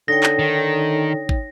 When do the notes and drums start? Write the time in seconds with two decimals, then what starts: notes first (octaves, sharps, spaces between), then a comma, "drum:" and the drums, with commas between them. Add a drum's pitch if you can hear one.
0.08 D3 D#4 C#5 G5 A#6
0.23 drum: clap
0.39 D#3
1.29 drum: kick